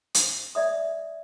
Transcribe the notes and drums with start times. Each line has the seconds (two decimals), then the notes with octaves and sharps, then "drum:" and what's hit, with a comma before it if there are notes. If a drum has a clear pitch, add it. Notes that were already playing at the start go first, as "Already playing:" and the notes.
0.14 drum: hi-hat
0.55 D5 E5 D#6